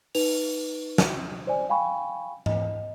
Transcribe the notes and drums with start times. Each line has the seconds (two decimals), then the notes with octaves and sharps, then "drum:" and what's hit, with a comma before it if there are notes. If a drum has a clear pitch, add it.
0.15 D#4 B4 F7, drum: open hi-hat
0.98 drum: snare
1.47 C5 D5 G#5
1.69 F5 G5 G#5 B5 C#6
2.46 D#5, drum: tom G#2